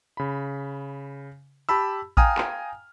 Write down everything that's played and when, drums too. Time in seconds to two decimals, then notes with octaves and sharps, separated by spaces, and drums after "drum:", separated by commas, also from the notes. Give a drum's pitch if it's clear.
0.17 C#3 B5
1.69 G4 A5 B5 E6
2.17 F5 G5 G#5 A#5 D#6 F6, drum: kick A1
2.38 drum: clap